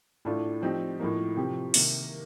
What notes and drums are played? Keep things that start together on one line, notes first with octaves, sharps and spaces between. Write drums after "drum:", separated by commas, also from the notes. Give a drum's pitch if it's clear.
A2 A3 D4 F4
F3 C4 D#4 G4
A2 F3 A#3 D#4
C3 F3 C4 G4
C3 D#3 A#3, drum: open hi-hat